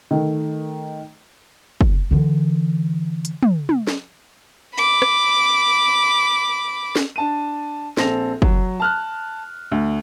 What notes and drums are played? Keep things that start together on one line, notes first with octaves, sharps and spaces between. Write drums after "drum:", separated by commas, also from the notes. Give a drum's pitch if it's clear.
D#3 A3
drum: kick
D3 E3
drum: hi-hat
drum: tom
drum: tom
drum: snare
B5 D6
drum: rim click
drum: snare
D4 A5 D#7
A#1 C4 A4 A#6 F7, drum: snare
F#3, drum: kick
A5 F6 F#6
D2